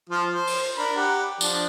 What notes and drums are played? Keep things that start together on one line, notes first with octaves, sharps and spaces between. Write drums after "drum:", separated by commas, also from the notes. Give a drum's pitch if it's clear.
F3 F4
C5
drum: open hi-hat
D4 A#4 B5
G4 F#5
F3 D4, drum: tambourine